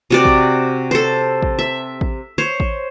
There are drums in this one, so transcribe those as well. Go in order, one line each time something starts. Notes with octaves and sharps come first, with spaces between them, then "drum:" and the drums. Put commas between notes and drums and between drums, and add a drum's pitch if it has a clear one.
C3 F#4 D5
drum: kick A1
A4 C5
drum: kick A1
E5
drum: kick A1
C5 C#5
drum: kick A1